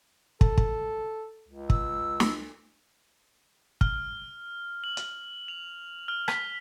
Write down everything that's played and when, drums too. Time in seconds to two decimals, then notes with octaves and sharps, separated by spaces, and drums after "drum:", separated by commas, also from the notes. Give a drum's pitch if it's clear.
0.41 A4, drum: kick
0.58 drum: kick
1.49 C#2
1.70 E6, drum: kick
2.20 drum: snare
3.81 F6, drum: kick
4.84 F#7
4.97 drum: hi-hat
5.48 F7
6.08 F6
6.28 B6, drum: rim click